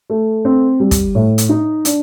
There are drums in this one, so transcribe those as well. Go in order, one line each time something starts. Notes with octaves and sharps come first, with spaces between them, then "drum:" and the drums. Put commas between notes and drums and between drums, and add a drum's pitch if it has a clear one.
A3
C4
G3
drum: kick, hi-hat
A2
drum: hi-hat
D#4
D4, drum: hi-hat